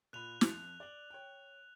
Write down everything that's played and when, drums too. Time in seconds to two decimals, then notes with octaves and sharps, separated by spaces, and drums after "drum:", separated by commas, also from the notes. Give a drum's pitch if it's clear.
0.13 A#2 B5 F#6 F7
0.41 F2, drum: snare
0.80 D5 F#7
1.10 C#5 G5